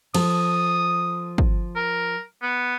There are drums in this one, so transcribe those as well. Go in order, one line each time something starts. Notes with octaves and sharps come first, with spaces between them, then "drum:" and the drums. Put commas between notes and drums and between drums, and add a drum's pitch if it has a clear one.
F3 A4 D#6, drum: cymbal
drum: kick
A#4
B3